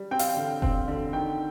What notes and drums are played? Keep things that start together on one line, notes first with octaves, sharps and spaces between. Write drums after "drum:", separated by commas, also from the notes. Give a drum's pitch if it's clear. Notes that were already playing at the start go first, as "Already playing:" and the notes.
Already playing: G3
C4 G5
F5, drum: open hi-hat
G5
D3
C4, drum: kick F1
D3
D#3 G5